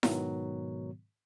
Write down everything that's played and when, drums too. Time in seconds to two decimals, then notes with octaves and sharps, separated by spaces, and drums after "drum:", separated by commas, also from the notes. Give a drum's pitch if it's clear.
0.03 G#2 B2 D#3 F#3 B3, drum: snare E4